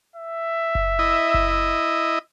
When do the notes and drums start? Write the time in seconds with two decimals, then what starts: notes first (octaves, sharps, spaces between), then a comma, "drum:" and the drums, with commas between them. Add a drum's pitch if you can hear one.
0.16 E5
0.75 drum: kick F#1
0.99 E4 D#5
1.34 drum: kick F#1